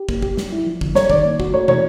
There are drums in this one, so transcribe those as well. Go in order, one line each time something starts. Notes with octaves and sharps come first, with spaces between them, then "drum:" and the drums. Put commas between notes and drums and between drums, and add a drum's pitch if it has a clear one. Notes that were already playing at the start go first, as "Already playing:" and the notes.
Already playing: G4
A#3, drum: kick
G4, drum: kick
F#3, drum: snare
E4
F3
D3, drum: kick
G3 C#5, drum: snare
D#3 D5, drum: kick
A#3
F#4, drum: kick
A3 C#5
E3 C#5, drum: tom